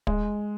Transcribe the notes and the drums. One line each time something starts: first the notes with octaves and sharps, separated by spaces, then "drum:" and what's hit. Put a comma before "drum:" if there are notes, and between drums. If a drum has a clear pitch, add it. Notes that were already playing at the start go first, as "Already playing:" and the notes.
G#3, drum: kick